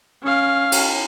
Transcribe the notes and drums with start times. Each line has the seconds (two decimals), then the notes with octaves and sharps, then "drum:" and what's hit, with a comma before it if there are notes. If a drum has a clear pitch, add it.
0.23 C#4 F5
0.72 drum: cymbal